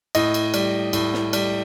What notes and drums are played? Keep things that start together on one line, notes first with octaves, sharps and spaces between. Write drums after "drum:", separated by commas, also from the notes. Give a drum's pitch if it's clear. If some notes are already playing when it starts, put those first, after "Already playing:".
A2 D#5, drum: cymbal
drum: cymbal
G3, drum: cymbal
A2, drum: cymbal
drum: snare
G3, drum: cymbal